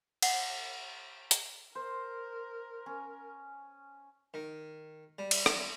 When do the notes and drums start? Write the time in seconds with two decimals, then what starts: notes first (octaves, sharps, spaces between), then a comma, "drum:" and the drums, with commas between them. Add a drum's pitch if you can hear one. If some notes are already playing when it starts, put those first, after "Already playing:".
0.23 F#5, drum: cymbal
1.31 drum: hi-hat
1.75 A#4 C5
2.86 C#4
4.34 D#3
5.19 G3
5.31 drum: cymbal
5.46 drum: rim click